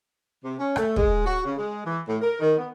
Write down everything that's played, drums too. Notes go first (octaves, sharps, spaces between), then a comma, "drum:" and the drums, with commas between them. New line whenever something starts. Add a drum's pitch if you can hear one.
C3
C#4
A3, drum: rim click
G#3, drum: kick
F#4
C#3
G#3
E3
A2
A#4
D#3
B3